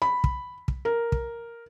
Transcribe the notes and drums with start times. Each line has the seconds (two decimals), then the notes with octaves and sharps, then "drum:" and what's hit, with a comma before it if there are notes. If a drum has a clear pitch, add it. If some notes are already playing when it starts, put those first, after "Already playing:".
0.02 B5
0.24 drum: kick
0.68 drum: kick
0.85 A#4
1.12 drum: kick